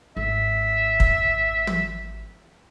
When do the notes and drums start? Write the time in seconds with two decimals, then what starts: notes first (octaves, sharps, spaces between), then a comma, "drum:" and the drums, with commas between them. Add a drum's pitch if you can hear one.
0.17 G#1 E5
1.00 drum: kick
1.67 drum: tom